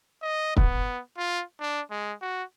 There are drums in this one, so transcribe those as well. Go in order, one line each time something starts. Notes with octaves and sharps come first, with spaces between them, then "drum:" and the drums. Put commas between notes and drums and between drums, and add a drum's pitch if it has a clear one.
D#5
B3, drum: kick
F4
D4
G#3
F#4